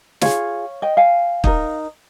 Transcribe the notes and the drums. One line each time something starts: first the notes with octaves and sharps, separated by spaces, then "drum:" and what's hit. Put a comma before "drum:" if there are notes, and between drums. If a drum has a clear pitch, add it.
F4 G#4 C#5 F5, drum: snare
D#5 G5
F5 G#5
D#4 A#4, drum: kick